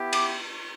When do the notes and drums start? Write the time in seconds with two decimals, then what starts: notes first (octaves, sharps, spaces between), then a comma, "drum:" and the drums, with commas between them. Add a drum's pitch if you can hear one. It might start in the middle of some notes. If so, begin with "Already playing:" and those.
Already playing: B3 E4 G4
0.13 D6, drum: cymbal